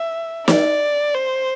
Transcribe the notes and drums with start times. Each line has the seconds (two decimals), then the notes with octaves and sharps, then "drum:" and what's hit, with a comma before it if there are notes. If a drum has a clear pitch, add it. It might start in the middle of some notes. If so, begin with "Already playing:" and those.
Already playing: E5
0.48 D5, drum: snare
1.15 C5